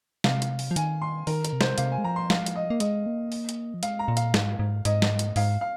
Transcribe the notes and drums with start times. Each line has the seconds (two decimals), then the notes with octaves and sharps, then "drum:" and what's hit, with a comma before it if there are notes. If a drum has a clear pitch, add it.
0.24 C3 F5, drum: snare
0.42 drum: hi-hat
0.59 drum: open hi-hat
0.71 F3
0.76 D#3 G#5, drum: hi-hat
1.02 C6
1.27 D#3 A#4, drum: open hi-hat
1.45 A#4, drum: hi-hat
1.53 C3
1.61 C5, drum: snare
1.78 C3 F5, drum: hi-hat
1.92 G#5
1.98 G#3
2.04 F3 A#5
2.16 C6
2.30 F5, drum: snare
2.46 drum: hi-hat
2.56 D#5
2.70 A#3
2.80 G#3 D#5, drum: hi-hat
3.06 A#3
3.32 drum: open hi-hat
3.49 drum: hi-hat
3.74 F3
3.83 G#3 F5, drum: hi-hat
3.99 A#5
4.08 A#2
4.17 F5, drum: hi-hat
4.34 G#2, drum: snare
4.59 G#2
4.85 G#2 D#5, drum: hi-hat
5.02 drum: snare
5.19 drum: hi-hat
5.36 G#2 F5, drum: open hi-hat
5.61 F5